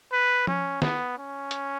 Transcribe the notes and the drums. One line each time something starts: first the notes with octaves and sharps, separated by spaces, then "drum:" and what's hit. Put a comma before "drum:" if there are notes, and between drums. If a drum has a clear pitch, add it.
B4
C#4, drum: tom F3
B3, drum: snare
C#4
drum: hi-hat